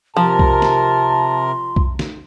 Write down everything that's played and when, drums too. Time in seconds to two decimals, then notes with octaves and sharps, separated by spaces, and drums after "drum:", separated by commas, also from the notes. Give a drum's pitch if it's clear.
0.17 C3 F3 A#4 A5 C6
0.39 drum: kick B1
0.62 drum: snare
1.76 drum: kick B1
1.99 drum: snare